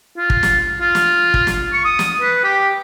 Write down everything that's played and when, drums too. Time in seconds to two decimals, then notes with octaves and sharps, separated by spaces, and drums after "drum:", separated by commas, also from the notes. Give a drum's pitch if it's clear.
0.18 F4
0.30 drum: kick
0.43 drum: snare
0.81 F4
0.95 drum: snare
1.34 drum: kick
1.47 drum: snare
1.73 C#6
1.85 D#6
1.99 drum: snare
2.21 B4
2.44 G4